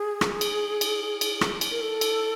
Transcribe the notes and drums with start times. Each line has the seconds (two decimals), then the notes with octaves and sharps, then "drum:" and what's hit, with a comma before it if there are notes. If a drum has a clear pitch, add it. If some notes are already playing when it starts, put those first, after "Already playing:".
Already playing: G#4
0.21 drum: rim click
0.41 drum: cymbal
0.81 drum: cymbal
1.21 drum: cymbal
1.41 drum: rim click
1.61 drum: cymbal
1.71 A#4
1.81 A4
2.01 drum: cymbal